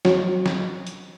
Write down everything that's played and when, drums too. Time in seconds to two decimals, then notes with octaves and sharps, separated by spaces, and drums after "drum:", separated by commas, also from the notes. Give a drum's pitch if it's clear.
0.05 F#3, drum: snare
0.46 drum: snare
0.87 drum: hi-hat